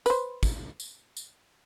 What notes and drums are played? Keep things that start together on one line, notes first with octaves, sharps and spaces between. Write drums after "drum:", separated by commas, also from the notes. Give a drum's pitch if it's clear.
B4 C5, drum: tambourine
drum: kick, tambourine
drum: tambourine
drum: tambourine